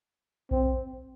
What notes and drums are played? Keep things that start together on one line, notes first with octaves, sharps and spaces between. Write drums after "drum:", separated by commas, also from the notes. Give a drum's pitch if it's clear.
C4, drum: kick A#1